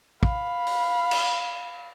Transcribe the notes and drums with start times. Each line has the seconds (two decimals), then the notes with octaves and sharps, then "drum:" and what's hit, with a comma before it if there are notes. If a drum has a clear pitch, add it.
0.23 F5 B5, drum: kick
0.67 drum: open hi-hat
1.11 drum: cymbal